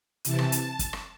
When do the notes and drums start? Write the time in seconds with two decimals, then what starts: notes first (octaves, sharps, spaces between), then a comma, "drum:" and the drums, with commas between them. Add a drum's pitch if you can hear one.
0.25 C3 E3 A5, drum: hi-hat
0.38 drum: rim click
0.52 drum: hi-hat
0.79 drum: kick, hi-hat
0.93 drum: rim click